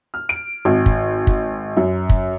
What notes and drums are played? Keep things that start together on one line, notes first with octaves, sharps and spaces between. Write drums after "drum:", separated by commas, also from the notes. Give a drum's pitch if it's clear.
F6
D7
G#1
drum: kick
drum: kick
F#2
drum: kick